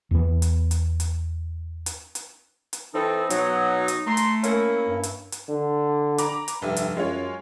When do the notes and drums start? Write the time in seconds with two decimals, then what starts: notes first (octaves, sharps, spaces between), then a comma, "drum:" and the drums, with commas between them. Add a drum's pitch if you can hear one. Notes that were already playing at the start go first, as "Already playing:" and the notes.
0.11 E2 B3
0.42 drum: hi-hat
0.71 drum: hi-hat
1.00 drum: hi-hat
1.86 drum: hi-hat
2.15 drum: hi-hat
2.73 drum: hi-hat
2.94 E3 C4 D#4 A4
3.30 B2 F#3 D#4, drum: hi-hat
3.88 drum: hi-hat
4.07 A3 A#5 C6
4.17 drum: hi-hat
4.44 A#3 C#4 E4, drum: hi-hat
4.88 G2
5.03 drum: hi-hat
5.32 drum: hi-hat
5.49 D3
6.18 A#5 B5 D6, drum: hi-hat
6.48 drum: hi-hat
6.62 F1 G2 E5
6.76 drum: hi-hat
6.97 F#2 G#3 F4 C#5